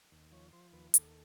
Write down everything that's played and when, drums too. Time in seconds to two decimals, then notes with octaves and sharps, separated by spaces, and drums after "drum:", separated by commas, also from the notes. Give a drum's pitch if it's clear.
0.12 D#2
0.32 F3 C#5
0.53 F3 C5
0.73 D#2 B4
0.94 D#2 A4, drum: hi-hat